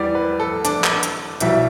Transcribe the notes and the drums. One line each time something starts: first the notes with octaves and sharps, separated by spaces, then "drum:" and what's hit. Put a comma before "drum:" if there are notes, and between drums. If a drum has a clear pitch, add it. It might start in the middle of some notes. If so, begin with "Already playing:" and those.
Already playing: E2 E3 G3 D5
B4
A4
D4, drum: hi-hat
drum: clap
drum: hi-hat
B1 B2 G3 E4, drum: hi-hat